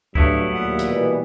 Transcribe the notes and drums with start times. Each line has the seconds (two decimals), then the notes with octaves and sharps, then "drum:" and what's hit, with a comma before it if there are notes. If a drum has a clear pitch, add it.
0.15 G2 F#3 A3 B3 E4, drum: kick C#2
0.54 D#2 A#2 F#5
0.79 drum: hi-hat
0.88 B2 E3 G3